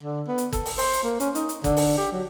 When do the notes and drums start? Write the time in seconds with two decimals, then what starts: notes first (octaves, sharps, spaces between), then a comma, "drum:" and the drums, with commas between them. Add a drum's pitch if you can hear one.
0.03 D3
0.27 B3
0.38 drum: hi-hat
0.53 A4, drum: kick, hi-hat
0.66 drum: open hi-hat
0.78 C5, drum: open hi-hat
0.93 drum: hi-hat
1.04 A#3
1.20 C#4, drum: hi-hat
1.35 D#4, drum: hi-hat
1.49 drum: hi-hat
1.64 D3, drum: kick, hi-hat
1.77 drum: open hi-hat
1.98 G4
2.12 F#3